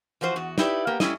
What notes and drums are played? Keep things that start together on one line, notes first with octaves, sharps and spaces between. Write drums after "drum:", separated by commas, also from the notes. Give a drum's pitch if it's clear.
E3 F3 F#4 C5
E2 F#4
D#4 E4 G4 B4 D5, drum: snare
A#3 B3 G4
G3 A3 C#4 E4 D#5, drum: snare